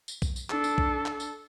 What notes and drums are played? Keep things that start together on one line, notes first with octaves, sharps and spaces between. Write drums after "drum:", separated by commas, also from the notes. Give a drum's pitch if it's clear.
drum: tambourine
drum: kick B1, tambourine
drum: tambourine
D4 A4, drum: clap
drum: tambourine
drum: kick B1
drum: clap
drum: tambourine